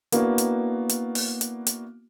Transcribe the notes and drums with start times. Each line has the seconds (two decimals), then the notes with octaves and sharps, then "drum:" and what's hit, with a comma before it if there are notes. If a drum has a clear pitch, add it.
0.12 A#3 B3 D4 E4 F#4, drum: hi-hat
0.38 drum: hi-hat
0.89 drum: hi-hat
1.15 drum: open hi-hat
1.41 drum: hi-hat
1.67 drum: hi-hat